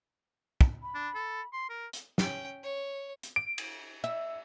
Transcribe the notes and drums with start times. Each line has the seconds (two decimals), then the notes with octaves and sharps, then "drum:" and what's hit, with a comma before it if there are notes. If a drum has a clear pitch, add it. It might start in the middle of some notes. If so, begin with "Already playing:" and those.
0.61 drum: kick
0.82 B5
0.95 D4
1.15 A4
1.53 C6
1.70 A#4
1.93 drum: hi-hat
2.18 C#4 G5, drum: snare
2.63 C#5
3.23 drum: hi-hat
3.36 D7
3.58 drum: cymbal
4.04 E5